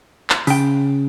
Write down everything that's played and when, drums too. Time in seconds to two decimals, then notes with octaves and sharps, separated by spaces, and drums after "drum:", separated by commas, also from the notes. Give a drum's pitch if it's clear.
0.30 drum: clap
0.47 C#3 G5, drum: open hi-hat